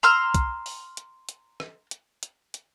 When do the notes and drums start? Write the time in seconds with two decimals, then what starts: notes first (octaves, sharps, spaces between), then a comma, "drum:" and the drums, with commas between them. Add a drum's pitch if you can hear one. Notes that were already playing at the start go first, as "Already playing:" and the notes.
0.03 A#5 C6 E6 F6
0.35 drum: kick, hi-hat
0.66 drum: open hi-hat
0.97 drum: hi-hat
1.29 drum: hi-hat
1.60 drum: rim click
1.91 drum: hi-hat
2.23 drum: hi-hat
2.54 drum: hi-hat